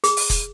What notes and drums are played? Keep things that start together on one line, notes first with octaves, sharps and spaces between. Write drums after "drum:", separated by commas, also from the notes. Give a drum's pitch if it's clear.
G#4, drum: hi-hat
drum: open hi-hat
drum: kick, hi-hat